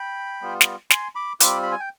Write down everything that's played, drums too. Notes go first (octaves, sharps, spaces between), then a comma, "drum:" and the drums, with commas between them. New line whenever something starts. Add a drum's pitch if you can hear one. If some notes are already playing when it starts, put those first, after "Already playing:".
Already playing: G5 B5
G3 B3 F4
drum: snare
G#5 C6, drum: snare
B5 D6
G3 C4 F4 B5 D6, drum: hi-hat
B5
G#5
G5